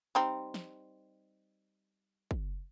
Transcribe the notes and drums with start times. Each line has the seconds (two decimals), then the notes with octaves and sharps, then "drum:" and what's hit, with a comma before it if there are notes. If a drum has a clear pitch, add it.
0.15 G3 C4 D#4
0.54 drum: snare
2.31 drum: kick